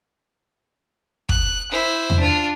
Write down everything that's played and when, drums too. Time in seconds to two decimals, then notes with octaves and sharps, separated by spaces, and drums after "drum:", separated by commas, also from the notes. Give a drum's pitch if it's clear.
1.29 F#6, drum: kick
1.71 E4 C5
2.10 drum: tom E2
2.20 D4 F4